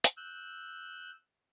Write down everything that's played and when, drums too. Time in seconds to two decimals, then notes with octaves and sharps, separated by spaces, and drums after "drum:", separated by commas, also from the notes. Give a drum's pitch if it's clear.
0.04 drum: hi-hat
0.17 E6 F#6 G6